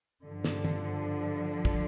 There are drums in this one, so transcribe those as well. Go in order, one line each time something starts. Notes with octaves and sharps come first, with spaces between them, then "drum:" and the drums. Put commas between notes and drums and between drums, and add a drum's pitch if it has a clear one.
G2 D3 F3
drum: snare
drum: tom
drum: kick